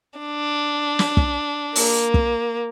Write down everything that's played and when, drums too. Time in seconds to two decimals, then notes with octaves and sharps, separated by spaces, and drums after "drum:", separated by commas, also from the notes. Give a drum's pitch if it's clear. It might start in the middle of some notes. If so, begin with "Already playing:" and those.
0.20 D4
0.99 drum: snare
1.17 drum: kick
1.76 A#3, drum: open hi-hat
2.14 drum: kick